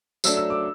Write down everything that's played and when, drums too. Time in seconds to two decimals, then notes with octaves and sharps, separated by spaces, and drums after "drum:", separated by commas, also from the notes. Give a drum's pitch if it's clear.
0.24 F#3 A3 D4 E6, drum: tambourine
0.37 E6
0.50 D6